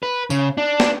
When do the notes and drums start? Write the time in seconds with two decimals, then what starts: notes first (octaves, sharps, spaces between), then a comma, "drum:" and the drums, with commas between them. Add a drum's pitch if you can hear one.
0.03 B4
0.30 C#3, drum: tambourine
0.58 D4
0.80 drum: snare